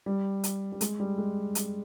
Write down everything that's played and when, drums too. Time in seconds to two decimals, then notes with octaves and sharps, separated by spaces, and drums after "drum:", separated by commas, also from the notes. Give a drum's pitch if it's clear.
0.06 G3
0.44 drum: hi-hat
0.72 G3
0.81 G#3, drum: hi-hat
1.00 G3
1.18 G#3
1.55 drum: hi-hat